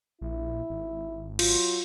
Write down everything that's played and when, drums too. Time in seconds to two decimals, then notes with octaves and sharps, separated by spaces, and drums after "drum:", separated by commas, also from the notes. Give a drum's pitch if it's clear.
0.21 A#1 E4
0.70 G#1
1.39 F#3 F4, drum: cymbal